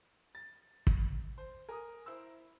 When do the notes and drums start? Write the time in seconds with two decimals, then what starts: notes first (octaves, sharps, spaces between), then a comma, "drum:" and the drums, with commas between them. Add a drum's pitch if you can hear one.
0.35 A6
0.87 drum: kick
1.38 C5
1.69 A#4 G#5 D#6
2.06 E4 C5 E6